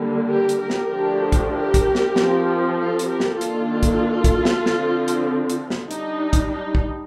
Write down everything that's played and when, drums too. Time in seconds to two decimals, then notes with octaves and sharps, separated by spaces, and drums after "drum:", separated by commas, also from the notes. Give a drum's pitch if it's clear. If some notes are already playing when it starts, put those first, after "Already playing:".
Already playing: D3 G3 A#3
0.28 G4 A#4
0.49 drum: hi-hat
0.59 G4 A#4
0.70 drum: snare
0.90 D3 F3 A3 D4 G4 A#4
1.32 drum: kick, hi-hat
1.53 G4 A#4
1.74 drum: kick, hi-hat
1.95 drum: snare
2.16 F3 C4, drum: snare
2.79 F4 A4
2.99 drum: hi-hat
3.09 G4 A#4
3.20 drum: snare
3.41 D#3 A#3 D4 F4 A4, drum: hi-hat
3.83 drum: kick, hi-hat
4.24 drum: kick, hi-hat
4.45 drum: snare
4.66 D3 F3 C4, drum: snare
5.08 drum: hi-hat
5.50 drum: hi-hat
5.70 drum: snare
5.91 G3 D4 D#4, drum: hi-hat
6.33 drum: kick, hi-hat
6.54 D#4
6.75 drum: kick